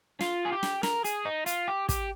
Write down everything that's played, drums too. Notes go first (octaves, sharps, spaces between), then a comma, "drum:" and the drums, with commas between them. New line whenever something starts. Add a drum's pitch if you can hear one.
F4, drum: snare
G#4
G4
drum: snare
A#4, drum: snare
G#4, drum: hi-hat
D#4
F4, drum: hi-hat
G4
G4, drum: kick, hi-hat